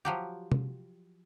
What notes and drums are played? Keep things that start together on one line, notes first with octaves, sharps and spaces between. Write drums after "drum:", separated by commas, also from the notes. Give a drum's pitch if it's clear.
F3 F#3 G4
drum: tom C3